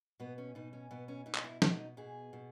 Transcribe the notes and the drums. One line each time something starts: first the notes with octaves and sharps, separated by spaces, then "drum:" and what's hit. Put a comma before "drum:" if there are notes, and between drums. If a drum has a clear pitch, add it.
B2 B3
C#4
B2 D#4
C#4
B2 B3
C#4
B2 D#4
drum: clap
E4
B2 D#4, drum: snare
B2 G#4
B2